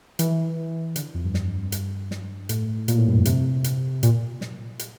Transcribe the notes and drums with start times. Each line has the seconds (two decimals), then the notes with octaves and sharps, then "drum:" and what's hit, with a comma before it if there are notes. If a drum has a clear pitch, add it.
0.19 E3, drum: hi-hat
0.96 D3, drum: hi-hat
1.14 F2
1.24 G2
1.34 drum: snare
1.72 G2, drum: hi-hat
2.11 drum: snare
2.49 A2, drum: hi-hat
2.88 A#2, drum: hi-hat
2.97 A2
3.07 G2
3.16 F2
3.25 C3, drum: hi-hat
3.64 drum: hi-hat
4.03 A#2, drum: hi-hat
4.41 drum: snare
4.79 drum: hi-hat